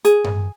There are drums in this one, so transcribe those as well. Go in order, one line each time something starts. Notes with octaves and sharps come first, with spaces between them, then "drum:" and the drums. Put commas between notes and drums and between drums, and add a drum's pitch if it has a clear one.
G#4, drum: hi-hat
drum: tom G2